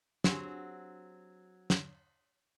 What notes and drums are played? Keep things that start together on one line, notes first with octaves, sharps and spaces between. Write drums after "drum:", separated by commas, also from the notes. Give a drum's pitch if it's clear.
F#3 C4 D4 G4 G#4, drum: snare
drum: snare